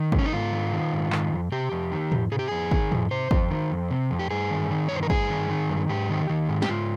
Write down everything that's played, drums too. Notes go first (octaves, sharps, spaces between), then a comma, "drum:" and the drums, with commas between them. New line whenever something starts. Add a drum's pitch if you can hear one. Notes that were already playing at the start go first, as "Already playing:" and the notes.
Already playing: D#3
G#2, drum: kick
C#4
D#4
G#2 F4
D#3
D#3
G#2
D#3, drum: clap
F2
C3 G4
F2
D#3
F2, drum: tom
C3 G#4
G4
F2 G#4
D#3, drum: kick
F2, drum: tom
C3 C5
F2, drum: kick
D#3
F2
C3
F2
G4
G2 G#4
D#3
D#3
G2 C#5
C5
A#4
G2 G#4, drum: kick
D#3
D#3
G2
G#2 G4
D#3
D#3
G#2
G4, drum: snare
G#2 F4